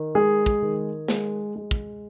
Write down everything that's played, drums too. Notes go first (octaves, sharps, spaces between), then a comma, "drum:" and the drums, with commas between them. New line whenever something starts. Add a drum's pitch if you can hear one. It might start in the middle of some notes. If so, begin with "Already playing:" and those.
Already playing: D#3
G#3 G#4
drum: kick
D#3
G#3, drum: snare
G#3
drum: kick